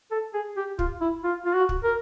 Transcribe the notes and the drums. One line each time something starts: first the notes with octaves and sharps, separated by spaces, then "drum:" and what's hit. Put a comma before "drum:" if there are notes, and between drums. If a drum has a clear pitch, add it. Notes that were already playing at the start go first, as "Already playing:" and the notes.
A4
G#4
G4
F4, drum: kick
E4
F4
F4
F#4
drum: kick
A#4